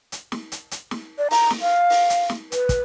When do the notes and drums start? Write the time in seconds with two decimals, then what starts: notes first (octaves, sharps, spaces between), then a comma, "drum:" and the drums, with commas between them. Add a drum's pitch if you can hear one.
0.12 drum: hi-hat
0.32 drum: snare
0.52 drum: hi-hat
0.71 drum: hi-hat
0.91 drum: snare
1.18 D5
1.31 A#5, drum: open hi-hat
1.50 drum: snare
1.61 F5
1.90 drum: open hi-hat
2.10 drum: hi-hat
2.30 drum: snare
2.52 B4, drum: hi-hat
2.69 drum: kick, hi-hat